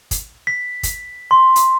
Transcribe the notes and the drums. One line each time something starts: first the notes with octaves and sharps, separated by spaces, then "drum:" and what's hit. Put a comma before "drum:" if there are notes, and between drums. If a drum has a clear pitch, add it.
drum: kick, hi-hat
B6
drum: kick, hi-hat
C6
drum: hi-hat